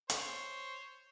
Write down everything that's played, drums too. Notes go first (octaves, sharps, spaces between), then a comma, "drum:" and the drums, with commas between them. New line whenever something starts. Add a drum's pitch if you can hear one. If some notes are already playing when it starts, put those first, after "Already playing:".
C5 C#5, drum: hi-hat